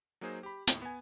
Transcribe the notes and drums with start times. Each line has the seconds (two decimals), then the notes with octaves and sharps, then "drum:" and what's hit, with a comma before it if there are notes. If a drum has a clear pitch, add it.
0.21 F#3 A#3 D#4 G#4 C5
0.43 G4 B5
0.67 D#2 A2, drum: hi-hat
0.82 B3 G#5